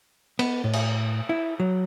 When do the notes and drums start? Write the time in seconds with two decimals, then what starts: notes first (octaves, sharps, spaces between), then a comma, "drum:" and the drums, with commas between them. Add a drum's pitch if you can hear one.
0.39 B3, drum: cymbal
0.64 A2
0.73 drum: cymbal
1.29 E4
1.60 F#3